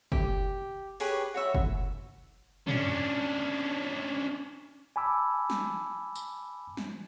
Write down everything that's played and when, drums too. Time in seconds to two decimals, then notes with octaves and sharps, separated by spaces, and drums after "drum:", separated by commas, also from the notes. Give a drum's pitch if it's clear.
0.12 G4, drum: kick
1.00 G4 G#4 B4 C#5, drum: open hi-hat
1.34 F#4 C#5 E5 B5
1.54 drum: kick
2.67 C#4 D4, drum: tom
4.96 G#5 A5 B5 D6 E6
5.50 drum: snare
6.15 drum: tambourine
6.77 drum: snare